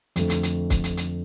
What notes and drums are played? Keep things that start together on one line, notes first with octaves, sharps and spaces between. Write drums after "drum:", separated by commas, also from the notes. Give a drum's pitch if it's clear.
F2 D3 A3, drum: hi-hat
drum: hi-hat
drum: hi-hat
drum: kick, hi-hat
drum: hi-hat
drum: hi-hat